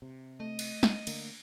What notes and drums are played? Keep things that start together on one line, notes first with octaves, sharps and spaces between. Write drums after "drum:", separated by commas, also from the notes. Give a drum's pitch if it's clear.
C3
A3 D#5
drum: cymbal
drum: snare
D3 A#3, drum: cymbal